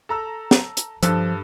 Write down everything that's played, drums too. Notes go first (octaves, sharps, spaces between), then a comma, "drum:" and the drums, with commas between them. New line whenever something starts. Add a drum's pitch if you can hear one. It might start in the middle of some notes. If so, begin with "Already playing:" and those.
A4 A#5 E6
drum: snare
drum: hi-hat
G2 F3 A4 E6, drum: hi-hat